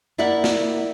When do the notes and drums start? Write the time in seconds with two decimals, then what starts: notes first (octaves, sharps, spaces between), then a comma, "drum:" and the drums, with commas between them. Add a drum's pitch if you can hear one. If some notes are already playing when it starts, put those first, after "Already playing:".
0.18 A#3 E4 D5 E5 F#5
0.44 drum: snare